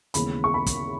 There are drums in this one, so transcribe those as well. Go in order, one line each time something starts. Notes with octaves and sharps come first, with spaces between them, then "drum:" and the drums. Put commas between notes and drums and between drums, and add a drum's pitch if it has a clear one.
D#2 C#3 E3 G#3 B3 B5, drum: hi-hat
C#6
B5
drum: kick, hi-hat